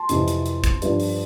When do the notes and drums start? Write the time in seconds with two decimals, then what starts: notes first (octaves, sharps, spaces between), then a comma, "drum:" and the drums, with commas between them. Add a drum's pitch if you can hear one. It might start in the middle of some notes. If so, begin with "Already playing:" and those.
Already playing: A5 C6
0.09 F2 C3 E3, drum: hi-hat
0.28 drum: hi-hat
0.46 drum: hi-hat
0.64 drum: kick, hi-hat
0.82 G2 F3, drum: hi-hat
1.00 drum: open hi-hat